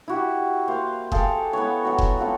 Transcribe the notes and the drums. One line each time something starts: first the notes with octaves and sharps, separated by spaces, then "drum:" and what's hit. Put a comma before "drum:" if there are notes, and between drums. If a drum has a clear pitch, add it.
E4 F#4 G4
A#3 C5 F5
G#4 A4 F5 G5, drum: kick F1
B3 E4 B4 C#5
F#3 B3 F#4
drum: kick F1
B3 C4 F4 A4